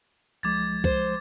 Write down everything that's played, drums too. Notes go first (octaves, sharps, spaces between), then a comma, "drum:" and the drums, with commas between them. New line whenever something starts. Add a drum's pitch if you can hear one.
B1 F3 G#3 D6 G#6 A6
C5, drum: kick C2